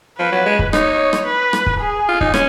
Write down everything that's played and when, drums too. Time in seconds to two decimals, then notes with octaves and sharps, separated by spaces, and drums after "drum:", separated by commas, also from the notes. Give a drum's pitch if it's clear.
0.19 F3 B4
0.32 F#3
0.46 G#3
0.59 drum: kick
0.73 D#4 C#5, drum: rim click
1.13 drum: rim click
1.26 B4
1.53 drum: rim click
1.66 drum: kick
1.80 G#4
2.09 F4
2.21 D#4, drum: kick
2.34 C#4, drum: rim click